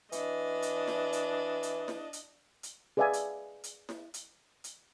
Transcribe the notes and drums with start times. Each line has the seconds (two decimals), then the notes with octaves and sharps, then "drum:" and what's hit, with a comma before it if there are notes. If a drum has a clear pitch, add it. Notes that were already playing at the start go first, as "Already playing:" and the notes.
0.12 E3 D4 D#5, drum: hi-hat
0.62 drum: hi-hat
0.88 drum: snare E4
1.13 drum: hi-hat
1.63 drum: hi-hat
1.88 drum: snare E4
2.13 drum: hi-hat
2.63 drum: hi-hat
2.97 G#4 B4 D5 E5 F5 G#5
3.13 drum: hi-hat
3.64 drum: hi-hat
3.89 drum: snare E4
4.14 drum: hi-hat
4.64 drum: hi-hat